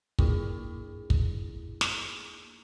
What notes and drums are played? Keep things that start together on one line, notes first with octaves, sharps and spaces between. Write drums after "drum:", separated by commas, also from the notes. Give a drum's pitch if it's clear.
A#3 D4 E4 F4 G#4, drum: kick
drum: kick
drum: snare